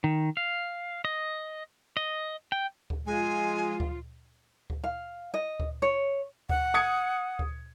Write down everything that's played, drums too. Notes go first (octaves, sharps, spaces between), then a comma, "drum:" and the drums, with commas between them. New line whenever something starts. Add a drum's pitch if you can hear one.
D#3
F5
D#5
D#5
G5
drum: kick D2
F3 G#3 F4 G#5
drum: kick D2
drum: kick D2
F5
D#5
drum: kick D2
C#5
F#5, drum: kick D2
D#6 G#6 C#7
drum: kick D2